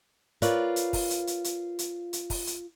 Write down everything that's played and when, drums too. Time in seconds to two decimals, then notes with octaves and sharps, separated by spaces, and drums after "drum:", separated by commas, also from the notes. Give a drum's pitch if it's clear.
0.42 F4 A#4 B4 C#5 D5, drum: hi-hat
0.76 drum: hi-hat
0.93 drum: kick, open hi-hat
1.10 drum: hi-hat
1.27 drum: hi-hat
1.44 drum: hi-hat
1.79 drum: hi-hat
2.13 drum: hi-hat
2.30 drum: kick, open hi-hat
2.47 drum: hi-hat